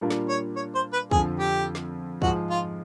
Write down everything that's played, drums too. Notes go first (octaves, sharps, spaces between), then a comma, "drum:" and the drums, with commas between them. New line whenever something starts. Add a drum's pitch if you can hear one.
A#2 G3 A#3 D4 F4
drum: snare
C#5
C#5
C5
B4
F2 D3 F3 G#4, drum: kick
G4
drum: snare
G#2 F3 G#3 F#4, drum: kick
F4